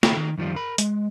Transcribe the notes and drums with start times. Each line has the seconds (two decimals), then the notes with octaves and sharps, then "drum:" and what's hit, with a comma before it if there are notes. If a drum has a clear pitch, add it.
0.03 C#2 D#3 E4 A4 G5 B5, drum: snare
0.17 D#3
0.38 F#2 D#3 F3 G3 F4
0.56 A#4 B5
0.78 G#3, drum: hi-hat